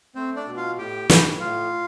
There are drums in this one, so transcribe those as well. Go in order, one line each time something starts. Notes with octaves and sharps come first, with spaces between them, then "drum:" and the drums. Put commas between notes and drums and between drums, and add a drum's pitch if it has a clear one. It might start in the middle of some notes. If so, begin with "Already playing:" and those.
A3 C4 C5
D4 D5
B2
F4 F5
A2 G4 G5
A2, drum: snare
A2 F4 F5